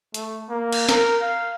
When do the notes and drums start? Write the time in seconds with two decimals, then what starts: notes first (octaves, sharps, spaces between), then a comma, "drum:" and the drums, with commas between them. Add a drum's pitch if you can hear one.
0.14 A3, drum: hi-hat
0.49 A#3
0.73 drum: cymbal
0.89 A#4, drum: snare
1.22 F5